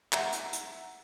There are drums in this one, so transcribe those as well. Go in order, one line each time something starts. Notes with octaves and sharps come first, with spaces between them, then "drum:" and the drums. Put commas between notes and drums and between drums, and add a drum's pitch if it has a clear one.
E5 F#5 A#5, drum: clap
drum: hi-hat
drum: hi-hat